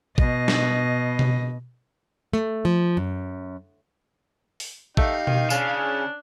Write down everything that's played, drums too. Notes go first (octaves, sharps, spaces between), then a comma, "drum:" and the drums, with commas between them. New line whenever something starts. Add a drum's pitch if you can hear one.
B2 D#5, drum: kick
drum: snare
drum: tom B2
A3
F3
F#2
drum: open hi-hat
A3 D#4 G4 F5 G5, drum: kick
D#3, drum: tom B2
C#3 C#4 D4 A5, drum: tambourine